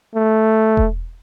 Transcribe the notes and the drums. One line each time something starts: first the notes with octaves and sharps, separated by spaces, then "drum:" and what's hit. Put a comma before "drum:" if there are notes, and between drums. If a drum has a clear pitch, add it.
A3
drum: kick E1